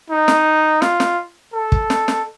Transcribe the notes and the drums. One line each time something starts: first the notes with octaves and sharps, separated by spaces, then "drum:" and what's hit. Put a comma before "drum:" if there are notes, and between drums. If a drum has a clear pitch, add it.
D#4
drum: snare
F4, drum: snare
drum: snare
A4
drum: kick
drum: snare
drum: snare